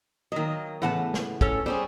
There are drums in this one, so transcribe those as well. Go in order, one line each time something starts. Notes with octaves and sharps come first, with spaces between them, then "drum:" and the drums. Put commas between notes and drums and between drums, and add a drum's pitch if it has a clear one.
D#3 F#3 A#3 D#5
A2 C#3 E3 B3 F#5 A5
drum: snare
C#4 A4 C#5, drum: kick
G3 C#4 G#4 C5